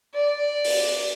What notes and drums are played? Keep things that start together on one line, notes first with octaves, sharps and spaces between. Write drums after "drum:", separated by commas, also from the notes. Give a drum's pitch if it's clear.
D5
drum: open hi-hat